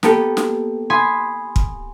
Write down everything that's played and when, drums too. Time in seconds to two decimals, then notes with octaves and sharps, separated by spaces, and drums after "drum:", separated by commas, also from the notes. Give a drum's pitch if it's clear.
0.03 A#3 B3 G4 A4, drum: snare
0.37 drum: snare
0.90 G#5 B5 C6 D#6
1.56 drum: kick